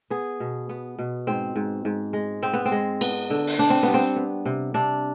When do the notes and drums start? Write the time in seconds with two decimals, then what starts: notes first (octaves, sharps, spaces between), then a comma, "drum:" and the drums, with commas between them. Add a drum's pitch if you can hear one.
0.10 B3 G#4
0.40 B2
0.69 B3
0.99 B2
1.27 G#2 C4
1.56 G#2
1.85 G#2
2.13 G#3
2.42 B3 C4
2.53 B3
2.66 C4
2.72 G#3
3.01 B3, drum: cymbal
3.30 D3
3.47 drum: open hi-hat
3.58 B3 D4
3.70 C4
3.83 B3
3.88 G3
3.94 C4
4.16 B3
4.45 C3
4.74 C3 D4